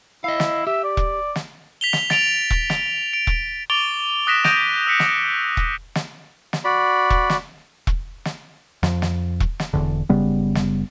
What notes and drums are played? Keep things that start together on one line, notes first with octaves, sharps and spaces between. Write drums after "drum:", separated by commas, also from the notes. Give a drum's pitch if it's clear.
E4 D#5 F5
drum: snare
G4 E5
D5
drum: kick E1
drum: snare
B6 F7 G7
drum: snare
A6 D7 F7, drum: snare
drum: kick E1
drum: snare
D7
drum: kick E1
C#6 D6 A6 D7 F7 G7
D#6 F#6 A#6 B6 D7 E7
D#6 G6 A#6 D7 D#7 F7, drum: snare
E6 F#6 B6 C#7
drum: snare
drum: kick E1
drum: snare
drum: snare
F#4 D5 B5
drum: kick E1
drum: snare
drum: kick E1
drum: snare
F2, drum: snare
drum: snare
drum: kick E1
drum: snare
E1 E2 D3
F#1 C#3 G3 B3
drum: snare